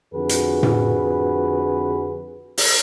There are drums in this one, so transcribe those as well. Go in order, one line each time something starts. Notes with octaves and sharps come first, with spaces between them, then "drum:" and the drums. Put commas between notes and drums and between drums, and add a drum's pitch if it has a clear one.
F2 D3 F#4 G#4 B4
drum: hi-hat
drum: tom A2
drum: open hi-hat